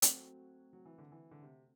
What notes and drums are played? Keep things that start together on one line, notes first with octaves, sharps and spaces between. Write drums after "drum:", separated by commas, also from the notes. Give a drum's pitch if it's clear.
F#3 A3 C4 F#4, drum: hi-hat
F#3
E3
D3
E3
D3
C3